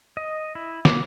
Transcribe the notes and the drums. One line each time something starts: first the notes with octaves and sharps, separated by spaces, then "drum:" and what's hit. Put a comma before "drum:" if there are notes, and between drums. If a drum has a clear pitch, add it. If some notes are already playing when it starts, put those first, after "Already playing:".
D#5
E4
D6, drum: snare